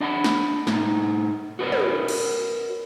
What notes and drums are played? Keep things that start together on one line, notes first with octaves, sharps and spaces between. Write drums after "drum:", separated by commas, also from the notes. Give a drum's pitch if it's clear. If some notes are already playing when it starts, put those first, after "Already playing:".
D4 D#5 F#5 A5 B5
drum: snare
A2 D#4, drum: snare
F#4 A#4 B4 C#5 D#5
drum: tom
drum: cymbal